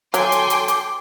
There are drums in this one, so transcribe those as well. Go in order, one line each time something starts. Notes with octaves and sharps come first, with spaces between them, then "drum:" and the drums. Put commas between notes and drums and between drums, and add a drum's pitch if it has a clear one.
F#3 A4 G5 G#5 C6 D6, drum: hi-hat
drum: hi-hat
drum: hi-hat
drum: hi-hat